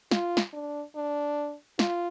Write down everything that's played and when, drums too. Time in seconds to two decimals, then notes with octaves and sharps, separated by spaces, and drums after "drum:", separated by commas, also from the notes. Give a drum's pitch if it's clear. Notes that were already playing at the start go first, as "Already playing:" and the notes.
0.11 F4, drum: snare
0.37 drum: snare
0.53 D4
0.95 D4
1.79 F4, drum: snare